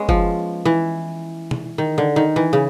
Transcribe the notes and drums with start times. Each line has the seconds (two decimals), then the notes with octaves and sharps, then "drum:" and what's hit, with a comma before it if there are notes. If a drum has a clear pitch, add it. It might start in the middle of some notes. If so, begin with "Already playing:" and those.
Already playing: G#3 B3 C#4
0.09 F3, drum: kick
0.65 E3
1.51 drum: tom
1.78 D#3
1.98 D3
2.16 D#3
2.36 E3
2.53 C#3